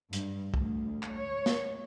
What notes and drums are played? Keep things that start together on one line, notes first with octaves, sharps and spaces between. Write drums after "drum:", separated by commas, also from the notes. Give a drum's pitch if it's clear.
G2, drum: hi-hat
D2, drum: kick
drum: clap
C#5
drum: snare